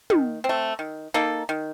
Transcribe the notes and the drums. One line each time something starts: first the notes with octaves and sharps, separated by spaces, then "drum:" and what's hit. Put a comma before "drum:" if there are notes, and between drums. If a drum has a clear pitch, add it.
D#3, drum: tom
C4
A3
D#3
A#3 D#4 A4
D#3